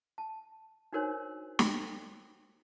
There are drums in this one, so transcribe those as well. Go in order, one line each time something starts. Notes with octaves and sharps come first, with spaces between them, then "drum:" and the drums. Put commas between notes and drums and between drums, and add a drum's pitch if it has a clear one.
A5
D4 D#4 F#4 A#4 C5 C#5
G5, drum: snare